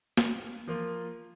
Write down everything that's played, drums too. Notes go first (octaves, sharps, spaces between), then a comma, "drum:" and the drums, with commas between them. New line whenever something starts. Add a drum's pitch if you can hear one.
drum: snare
F3 A#3 F4 A#4